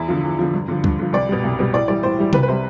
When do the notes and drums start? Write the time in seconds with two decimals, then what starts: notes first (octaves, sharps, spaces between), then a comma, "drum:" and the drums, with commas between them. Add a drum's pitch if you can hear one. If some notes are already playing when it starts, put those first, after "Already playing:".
Already playing: E2 E4
0.09 D3 F3
0.23 E2
0.39 D3 F3
0.54 G2
0.68 D3 F3
0.84 G2, drum: kick D2
0.99 D3 F3
1.13 C2 D5
1.29 B2 G3
1.44 C2
1.59 B2 G3
1.73 A2 D5
1.88 E3 G3 D5
2.03 A2 C5
2.19 E3 G3
2.33 C2 B4, drum: tom C3
2.43 B4
2.48 C3 G3 C5